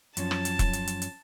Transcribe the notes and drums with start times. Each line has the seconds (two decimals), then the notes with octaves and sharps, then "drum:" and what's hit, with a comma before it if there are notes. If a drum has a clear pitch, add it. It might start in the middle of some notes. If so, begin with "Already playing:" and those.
0.17 F#2 F3 C#4 A5, drum: hi-hat
0.31 drum: rim click
0.45 drum: hi-hat
0.59 drum: kick E1, hi-hat
0.73 drum: hi-hat
0.87 drum: hi-hat
1.02 drum: hi-hat